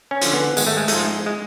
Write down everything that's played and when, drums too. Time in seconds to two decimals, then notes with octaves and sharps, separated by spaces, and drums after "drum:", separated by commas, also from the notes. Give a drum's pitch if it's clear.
0.11 C#4
0.22 D3 F3, drum: hi-hat
0.33 B3
0.57 G#1 G#3, drum: tambourine
0.67 A3
0.77 G#3
0.88 G#2 F3 A3, drum: hi-hat
0.99 G#3
1.26 G#3